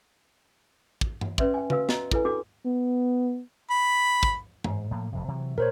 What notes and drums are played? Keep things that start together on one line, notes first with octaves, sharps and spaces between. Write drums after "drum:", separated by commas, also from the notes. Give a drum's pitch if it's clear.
drum: kick
drum: tom G2
C#4 B4 D5 E5 C6, drum: kick
G5 G#5
F#4 B4 F5 E6, drum: tom C#3
F#4 D#5 A#5, drum: snare
E4 A4 B4 G#5, drum: kick
D4 F#4 A4 G5 D6
B3
B5
drum: kick
G#2, drum: tom G2
A2 F3 A#3
F1 F2 C3
C3 E3 F#3
A#2 A#4 C5 C#5